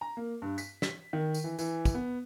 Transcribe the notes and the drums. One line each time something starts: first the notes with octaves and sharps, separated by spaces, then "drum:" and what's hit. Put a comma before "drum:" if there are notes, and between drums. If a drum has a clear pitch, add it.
A#5
A#3
G2
B6, drum: tambourine
B6, drum: snare
D#3
drum: tambourine
E3
E3, drum: tambourine
drum: kick, tambourine
B3